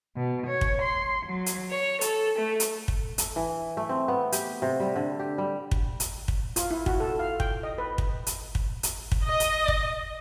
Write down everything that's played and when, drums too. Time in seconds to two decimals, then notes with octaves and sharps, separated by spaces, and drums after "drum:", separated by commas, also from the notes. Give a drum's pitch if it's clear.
0.16 B2
0.46 C#5
0.61 drum: kick
0.81 C6
1.25 F#3
1.46 drum: hi-hat
1.70 C#5
2.01 A4, drum: hi-hat
2.38 A3
2.60 drum: hi-hat
2.88 drum: kick
3.18 A4, drum: hi-hat
3.36 E3
3.77 A3
3.89 C4
4.08 B3
4.32 G4, drum: hi-hat
4.62 C3
4.80 G3
4.96 D3
5.20 G4
5.38 G3
5.71 drum: kick
6.00 drum: hi-hat
6.28 drum: kick
6.56 F4, drum: hi-hat
6.71 E4
6.86 F#4, drum: kick
7.00 A4
7.19 F5
7.40 G5, drum: kick
7.63 D#5
7.78 B4
7.98 drum: kick
8.27 drum: hi-hat
8.55 drum: kick
8.83 drum: hi-hat
9.12 drum: kick
9.25 D#5
9.40 drum: hi-hat
9.68 drum: kick